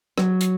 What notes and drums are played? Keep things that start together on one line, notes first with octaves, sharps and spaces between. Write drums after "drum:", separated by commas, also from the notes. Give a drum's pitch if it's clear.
F#3, drum: rim click
drum: hi-hat